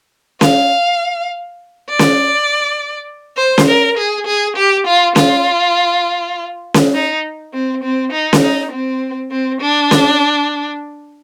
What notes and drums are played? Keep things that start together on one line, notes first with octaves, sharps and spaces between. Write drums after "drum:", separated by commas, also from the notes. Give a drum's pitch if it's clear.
F5, drum: snare C#4
D5
drum: snare C#4
C5
drum: snare C#4
A#4
G#4
G#4
G4
F4
F4, drum: snare C#4
drum: snare C#4
D#4
C4
C4
D#4
drum: snare C#4
D#4
C4
C4
D4
drum: snare C#4